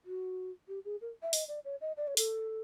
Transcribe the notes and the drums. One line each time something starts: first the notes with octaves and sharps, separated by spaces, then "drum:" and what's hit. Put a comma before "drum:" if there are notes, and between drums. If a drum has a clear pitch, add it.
F#4
G4
G#4
A#4
E5
D#5, drum: open hi-hat
D5
C#5
D#5
D5
C#5
A4, drum: open hi-hat